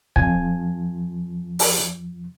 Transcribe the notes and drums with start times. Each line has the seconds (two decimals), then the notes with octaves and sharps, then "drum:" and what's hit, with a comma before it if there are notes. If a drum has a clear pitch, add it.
0.16 F2 F3 G#5, drum: kick
1.59 drum: open hi-hat